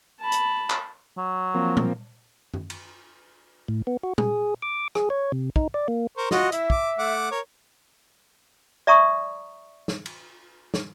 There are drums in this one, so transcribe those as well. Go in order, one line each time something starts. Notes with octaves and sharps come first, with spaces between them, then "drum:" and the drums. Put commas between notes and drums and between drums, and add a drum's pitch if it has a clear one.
A5 B5
drum: hi-hat
drum: clap
F#3
F3 A#3 C4
drum: tom A#2
drum: tom F#2
drum: cymbal
A2
B3
F#4
G#4, drum: tom A#2
D6
G#4, drum: rim click
C#5
C3
D#4, drum: kick
D5
A#3
A#4 C5 C#6
F4 F#4 D#5, drum: snare
E4 E5, drum: hi-hat
D6, drum: kick
A3 F#5 D6
A#4 C#5
D5 E5 A#5 C#6 D#6
drum: snare
drum: cymbal
drum: snare